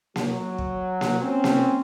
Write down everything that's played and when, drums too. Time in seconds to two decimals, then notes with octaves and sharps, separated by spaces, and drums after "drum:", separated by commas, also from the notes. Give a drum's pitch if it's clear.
0.16 F#3, drum: snare A#3
0.58 drum: kick
1.01 drum: snare A#3
1.21 C4 C#4
1.44 drum: snare A#3